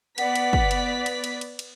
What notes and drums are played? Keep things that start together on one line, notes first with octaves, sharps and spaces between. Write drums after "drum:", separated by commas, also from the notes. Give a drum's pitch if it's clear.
B3 D5 F#5 B6, drum: cymbal
drum: cymbal
drum: kick
drum: cymbal
drum: cymbal
drum: cymbal
drum: cymbal
drum: cymbal